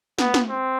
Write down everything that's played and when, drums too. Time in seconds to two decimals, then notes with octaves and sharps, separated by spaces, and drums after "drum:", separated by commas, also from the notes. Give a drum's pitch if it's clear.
0.19 B3, drum: snare
0.34 drum: snare
0.49 C4